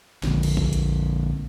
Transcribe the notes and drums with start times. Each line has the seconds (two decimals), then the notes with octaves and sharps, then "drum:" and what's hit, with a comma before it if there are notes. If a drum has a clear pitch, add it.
0.23 A#1 D3, drum: snare
0.43 drum: cymbal
0.57 drum: kick
0.73 drum: hi-hat